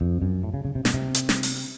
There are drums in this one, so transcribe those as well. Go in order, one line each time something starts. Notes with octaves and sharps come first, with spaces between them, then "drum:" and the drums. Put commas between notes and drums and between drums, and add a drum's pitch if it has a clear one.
F2
F#2
A2
C#3
C#3
C3
B2, drum: snare
C3
drum: hi-hat
drum: snare
drum: open hi-hat